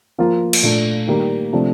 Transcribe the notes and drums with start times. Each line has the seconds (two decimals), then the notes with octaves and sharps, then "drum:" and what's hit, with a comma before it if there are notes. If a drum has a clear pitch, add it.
0.18 F3 A#3 F4
0.53 drum: cymbal
0.63 A#2 A3 D4
1.07 D#3 G3 A#3
1.53 C3 F3 A3 D4